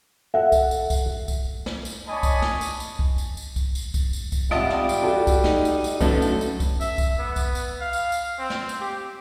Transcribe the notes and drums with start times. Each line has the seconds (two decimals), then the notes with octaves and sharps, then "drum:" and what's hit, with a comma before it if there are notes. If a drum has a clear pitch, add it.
0.34 A4 E5 F#5
0.52 drum: kick C2, tambourine
0.71 drum: tambourine
0.90 drum: kick C2, tambourine
1.28 drum: kick C2, tambourine
1.66 drum: snare
1.85 drum: tambourine
2.08 D4 C#5 D#5 G#5 A5 B5
2.23 drum: kick C2, tambourine
2.42 drum: snare
2.61 drum: tambourine
2.80 drum: tambourine
2.99 drum: kick C2
3.18 drum: tambourine
3.37 drum: tambourine
3.56 drum: kick C2, tambourine
3.75 drum: tambourine
3.94 drum: kick C2, tambourine
4.13 drum: tambourine
4.32 drum: kick C2, tambourine
4.51 G#1 G3 E4 F4 D#5 F#5 A5 D7
4.70 drum: snare
4.89 drum: tambourine
5.02 F#4 A4 D5
5.27 drum: kick C2, tambourine
5.44 D#4, drum: snare
5.65 drum: tambourine
5.84 drum: tambourine
6.01 A2 D3 F#3 B3 C#4 A4, drum: kick C2, tambourine
6.22 drum: tambourine
6.41 drum: tambourine
6.60 drum: kick C2, tambourine
6.81 E5, drum: tambourine
6.98 drum: kick C2, tambourine
7.19 B3
7.36 drum: kick C2, tambourine
7.55 drum: tambourine
7.81 F5
7.93 drum: tambourine
8.12 drum: tambourine
8.39 C4
8.50 drum: snare
8.69 drum: tambourine
8.81 G4